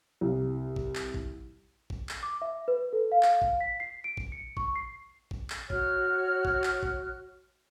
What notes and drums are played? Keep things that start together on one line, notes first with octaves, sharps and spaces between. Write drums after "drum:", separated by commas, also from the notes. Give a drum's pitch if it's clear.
C2
drum: kick
drum: clap
drum: kick
drum: kick
drum: clap
D6
E5
B4
A4
F5
drum: clap
drum: kick
B6
C7
D7
drum: kick
C#7
C#6, drum: kick
C7
drum: kick
drum: clap
F#4 C#5 F6 F#6, drum: kick
drum: kick
drum: clap
drum: kick